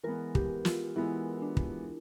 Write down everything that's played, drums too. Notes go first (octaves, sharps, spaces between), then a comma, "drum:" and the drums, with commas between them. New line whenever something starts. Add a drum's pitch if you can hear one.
E3 G#3 B3 A#4
G4, drum: kick
F4, drum: snare
E3 G#3 B3 E4
D4
drum: kick